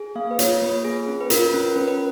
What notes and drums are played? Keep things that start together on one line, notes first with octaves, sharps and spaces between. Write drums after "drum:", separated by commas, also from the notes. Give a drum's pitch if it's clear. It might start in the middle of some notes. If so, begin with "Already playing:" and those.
Already playing: G#4
A#3 F5
B4
F4 C#5, drum: hi-hat
A#3 B4
G#4
C#4
B4
F4 A#4, drum: hi-hat
C#4 A#4
C#4 B4
B4